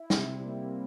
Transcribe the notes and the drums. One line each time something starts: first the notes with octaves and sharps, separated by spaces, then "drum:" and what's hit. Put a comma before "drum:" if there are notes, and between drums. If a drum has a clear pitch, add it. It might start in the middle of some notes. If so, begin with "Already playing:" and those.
Already playing: E4
C3, drum: snare
G3
A#3
C3